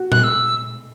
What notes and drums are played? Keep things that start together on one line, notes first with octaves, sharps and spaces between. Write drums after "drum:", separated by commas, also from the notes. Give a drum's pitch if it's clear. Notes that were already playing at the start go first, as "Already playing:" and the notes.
Already playing: F#4
F#6, drum: tom A#2
E6